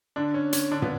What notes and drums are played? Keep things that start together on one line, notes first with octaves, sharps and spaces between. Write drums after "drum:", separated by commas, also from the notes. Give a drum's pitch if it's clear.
D3 D4
C#4
C#4, drum: hi-hat
D3 D4
B3, drum: tom